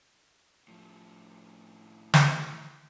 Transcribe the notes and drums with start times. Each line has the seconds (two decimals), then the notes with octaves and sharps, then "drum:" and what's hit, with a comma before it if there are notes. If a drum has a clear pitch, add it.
0.68 A2 F3
2.14 drum: snare